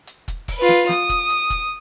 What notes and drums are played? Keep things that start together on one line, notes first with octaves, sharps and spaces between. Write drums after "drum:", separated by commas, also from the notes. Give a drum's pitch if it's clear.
drum: hi-hat
drum: kick, hi-hat
drum: kick, open hi-hat
F4 B4
drum: snare
D#6, drum: snare
drum: kick, hi-hat
drum: hi-hat
drum: kick, hi-hat